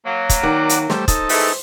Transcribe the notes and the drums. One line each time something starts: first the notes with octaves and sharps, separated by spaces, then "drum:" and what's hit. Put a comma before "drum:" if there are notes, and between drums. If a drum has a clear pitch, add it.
F#3 A#3
drum: kick, hi-hat
D#3 D5 F#5
drum: hi-hat
G3 A3 C5, drum: snare
D#4 A4, drum: kick, hi-hat
E3 G#3 A3, drum: open hi-hat